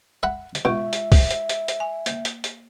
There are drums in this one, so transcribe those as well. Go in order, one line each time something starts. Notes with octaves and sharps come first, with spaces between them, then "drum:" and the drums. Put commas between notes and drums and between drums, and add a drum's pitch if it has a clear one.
E5 F#5 B5
drum: hi-hat
B2 G#3 F4 E5 C#6
drum: hi-hat
drum: kick, open hi-hat
drum: hi-hat
drum: hi-hat
drum: hi-hat
G#5
A#3, drum: hi-hat
drum: hi-hat
drum: hi-hat